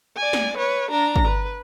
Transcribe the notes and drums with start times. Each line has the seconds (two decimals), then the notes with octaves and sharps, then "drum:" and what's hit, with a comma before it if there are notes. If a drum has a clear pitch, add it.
0.17 D5 G#5
0.33 drum: snare
0.57 B4 C#5
0.91 D4 A#5
1.16 drum: kick
1.27 B4